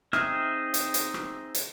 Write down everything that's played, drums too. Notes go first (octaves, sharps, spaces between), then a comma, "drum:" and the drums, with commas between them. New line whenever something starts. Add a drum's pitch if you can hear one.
C4 D#4 G#4 E5 F6, drum: rim click
drum: hi-hat
drum: hi-hat
drum: rim click
drum: hi-hat